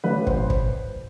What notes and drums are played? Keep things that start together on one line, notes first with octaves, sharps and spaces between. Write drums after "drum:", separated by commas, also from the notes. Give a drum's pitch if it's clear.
A1 B4
C5, drum: kick
drum: kick